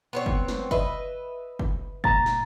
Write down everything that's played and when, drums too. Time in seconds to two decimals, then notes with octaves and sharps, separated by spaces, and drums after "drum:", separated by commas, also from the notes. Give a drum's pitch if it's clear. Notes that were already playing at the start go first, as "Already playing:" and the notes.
0.13 B3 C4 C#5
0.26 drum: kick F#1
0.48 drum: snare
0.71 B4 D#5 E5, drum: kick F#1
1.59 drum: kick F#1
2.04 A#2 A#5 A6, drum: kick F#1
2.26 drum: snare